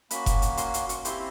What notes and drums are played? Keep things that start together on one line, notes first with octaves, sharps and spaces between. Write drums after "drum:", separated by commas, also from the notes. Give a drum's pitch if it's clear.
A#3 C#4 F#4 B5, drum: hi-hat
drum: kick F1, hi-hat
drum: hi-hat
C6, drum: hi-hat
C6, drum: hi-hat
C#6, drum: hi-hat
C4 E4 G4 C6, drum: hi-hat